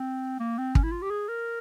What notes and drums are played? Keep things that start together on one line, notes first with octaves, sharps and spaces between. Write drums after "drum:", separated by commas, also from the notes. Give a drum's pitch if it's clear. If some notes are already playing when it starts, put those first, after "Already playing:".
Already playing: C4
A#3
C4
C#4, drum: kick
E4
F4
G4
G#4
A#4